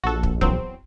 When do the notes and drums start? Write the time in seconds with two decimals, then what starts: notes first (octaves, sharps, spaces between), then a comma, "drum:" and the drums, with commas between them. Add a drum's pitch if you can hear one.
0.04 A#1 F#4 A4
0.23 drum: kick
0.41 E2 F#3 C4, drum: kick